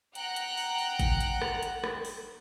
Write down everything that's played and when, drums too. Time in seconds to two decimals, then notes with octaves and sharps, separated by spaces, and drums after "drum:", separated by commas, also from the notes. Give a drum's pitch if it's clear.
0.15 F#5 G5 A#5 F#6, drum: hi-hat
0.36 drum: hi-hat
0.57 drum: open hi-hat
0.78 drum: open hi-hat
0.99 drum: kick G#1, hi-hat
1.21 drum: hi-hat
1.42 drum: rim click
1.63 drum: hi-hat
1.84 drum: rim click
2.05 drum: open hi-hat